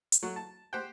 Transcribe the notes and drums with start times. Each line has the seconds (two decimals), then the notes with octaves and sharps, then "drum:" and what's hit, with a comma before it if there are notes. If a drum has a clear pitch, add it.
0.12 drum: hi-hat
0.23 F#3 A3 F#4
0.36 A5
0.73 G4 C5 F#5 G5